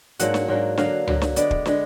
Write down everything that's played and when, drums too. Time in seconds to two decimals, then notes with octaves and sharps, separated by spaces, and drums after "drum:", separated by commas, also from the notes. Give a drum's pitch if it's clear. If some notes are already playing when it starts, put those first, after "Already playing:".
0.19 G#2 F#3 A#3 D4 F#5, drum: hi-hat
0.34 drum: snare
0.48 G#2 F#3 A#3 D4
0.78 D3 F#3 A#3 F5, drum: snare
1.07 D3 F#3 A#3, drum: tom C#2
1.22 drum: snare
1.36 D3 G#3 B3 D5, drum: hi-hat
1.51 drum: kick
1.66 D3 G#3 B3, drum: snare